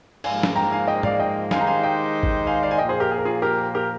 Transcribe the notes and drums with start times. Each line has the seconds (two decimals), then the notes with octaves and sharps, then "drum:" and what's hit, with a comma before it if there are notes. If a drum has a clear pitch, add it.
0.24 G#2 F3 A#3 F5 G#5, drum: cymbal
0.43 drum: snare
0.56 G5 A#5
0.72 F5 G#5
0.88 D#5 G5
1.03 D5 F5, drum: tom G#2
1.20 D#5 G5
1.51 D#3 G#3 D#4 G4 C5 F5 G#5, drum: snare
1.61 A#5
1.67 F5 G#5
1.83 D#5 G5
2.23 drum: kick G#1
2.47 F5 G#5
2.63 D5 F5
2.71 G#5
2.78 A#2 F3 A#3 D#5 G5
2.89 G#4 C5
3.00 G4 A#4
3.11 G#4
3.18 A#4
3.25 F4 G#4
3.42 G4 A#4
3.75 G4 A#4